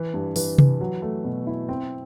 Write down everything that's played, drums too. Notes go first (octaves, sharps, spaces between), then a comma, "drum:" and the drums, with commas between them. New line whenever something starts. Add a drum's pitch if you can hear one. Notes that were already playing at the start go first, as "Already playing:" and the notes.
Already playing: E3
G2
E3, drum: open hi-hat
E3, drum: tom C3
F#3
A3
B2
E4
C4